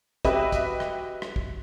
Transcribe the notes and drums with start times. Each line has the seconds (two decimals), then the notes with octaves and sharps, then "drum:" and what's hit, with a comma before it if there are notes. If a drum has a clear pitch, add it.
0.25 F#4 G4 B4 D#5 E5, drum: kick, hi-hat
0.52 drum: kick, hi-hat
0.80 drum: rim click
1.22 drum: rim click
1.36 drum: kick